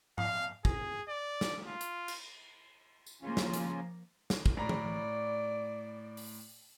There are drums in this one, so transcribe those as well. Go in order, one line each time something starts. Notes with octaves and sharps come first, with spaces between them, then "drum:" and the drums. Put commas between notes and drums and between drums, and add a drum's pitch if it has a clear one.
F5, drum: tom G#2
G#4, drum: kick
D5
drum: snare
F4
drum: hi-hat
drum: cymbal
drum: tambourine
C#3 F3 A#3 C#4 F4
drum: snare
drum: hi-hat
drum: snare
drum: kick
A2 D5 A#5 B5
drum: tom E3
drum: open hi-hat